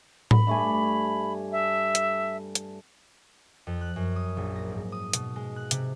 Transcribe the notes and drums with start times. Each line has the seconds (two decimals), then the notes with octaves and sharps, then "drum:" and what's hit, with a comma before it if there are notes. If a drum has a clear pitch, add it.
0.31 B5, drum: tom A2
0.47 G2 A3 G#5
1.52 E5
1.95 drum: hi-hat
2.55 drum: hi-hat
3.67 F2
3.81 F#6
3.96 F#2
4.16 D#6
4.37 A#1
4.56 A#6
4.70 G#2
4.92 D#6
5.13 B2, drum: hi-hat
5.36 G#3
5.56 F#6
5.71 C3, drum: hi-hat